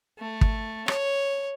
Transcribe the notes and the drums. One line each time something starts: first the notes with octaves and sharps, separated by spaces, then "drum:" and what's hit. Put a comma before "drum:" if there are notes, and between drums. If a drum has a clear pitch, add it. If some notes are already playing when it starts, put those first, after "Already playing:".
A3
drum: kick
C#5, drum: rim click